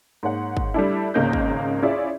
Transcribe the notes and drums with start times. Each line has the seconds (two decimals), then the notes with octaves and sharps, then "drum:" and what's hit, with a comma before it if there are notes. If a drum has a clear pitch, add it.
0.23 G#2 A#3 C#5 F#5
0.57 drum: kick
0.74 G3 A3 D4 E4
1.14 G#1 C#2 C#3 A#3 D#5 G6
1.33 drum: kick
1.82 C#4 E4 F4 G#4 D5 E5